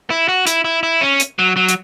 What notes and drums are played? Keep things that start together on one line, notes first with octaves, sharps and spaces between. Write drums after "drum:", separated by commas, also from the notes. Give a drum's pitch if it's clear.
E4
F#4
E4, drum: hi-hat
E4
E4
C#4
drum: hi-hat
F#3
F#3
drum: hi-hat